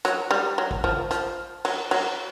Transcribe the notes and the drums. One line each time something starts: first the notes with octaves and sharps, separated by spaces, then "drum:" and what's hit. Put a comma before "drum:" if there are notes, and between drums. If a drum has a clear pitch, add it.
F#3, drum: hi-hat
G3
F#3
drum: kick
F3, drum: kick
F3, drum: hi-hat
F#3, drum: cymbal
F#3, drum: cymbal